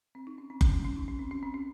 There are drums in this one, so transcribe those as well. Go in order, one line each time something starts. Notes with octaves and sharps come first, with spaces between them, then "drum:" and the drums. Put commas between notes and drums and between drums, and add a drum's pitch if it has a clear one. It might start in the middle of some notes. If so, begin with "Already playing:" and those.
C4
D#4
C#4
C4
C#4, drum: kick F#1
C#4
C#4
D#4
C#4
C4
C#4
C4
C#4